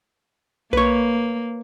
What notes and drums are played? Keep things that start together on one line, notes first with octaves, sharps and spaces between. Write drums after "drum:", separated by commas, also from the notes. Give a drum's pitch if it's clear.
A#3 B4 C#5, drum: kick B1